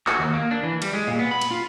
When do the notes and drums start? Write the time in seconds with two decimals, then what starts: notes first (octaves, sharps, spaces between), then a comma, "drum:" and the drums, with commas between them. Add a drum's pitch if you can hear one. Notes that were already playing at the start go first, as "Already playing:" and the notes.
0.07 F#4, drum: clap
0.19 D#2
0.34 A#3
0.51 D4
0.63 E3
0.82 G3, drum: cymbal
0.93 G#3
1.07 A#2
1.19 B3
1.31 B5
1.41 drum: cymbal
1.51 F4